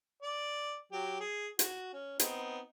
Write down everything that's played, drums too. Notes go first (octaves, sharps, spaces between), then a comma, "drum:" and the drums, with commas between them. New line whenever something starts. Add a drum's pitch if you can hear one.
D5
F#3 G4
G#4
F#4, drum: hi-hat
C#4
B3 C4 D#4, drum: hi-hat